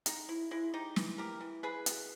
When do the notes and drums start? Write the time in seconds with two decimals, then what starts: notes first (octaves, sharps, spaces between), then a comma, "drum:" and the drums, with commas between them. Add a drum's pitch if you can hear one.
0.06 G#3 D#4, drum: hi-hat
0.29 E4
0.51 G#3 E4
0.74 D#4 G4
0.96 E3, drum: snare
1.18 G4 A#4
1.41 E3
1.63 G#4 B4
1.86 B2, drum: hi-hat